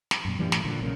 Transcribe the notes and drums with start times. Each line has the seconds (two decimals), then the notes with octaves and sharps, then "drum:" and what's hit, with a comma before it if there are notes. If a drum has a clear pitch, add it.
0.11 drum: snare
0.25 F#2 A#2
0.39 E3 G3 A#3 D4
0.52 A2 A3, drum: snare
0.65 A#2 D3 F3
0.82 B1 C#3 A#3